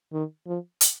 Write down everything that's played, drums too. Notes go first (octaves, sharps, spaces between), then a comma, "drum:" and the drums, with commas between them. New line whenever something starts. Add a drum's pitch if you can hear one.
D#3
F3
drum: hi-hat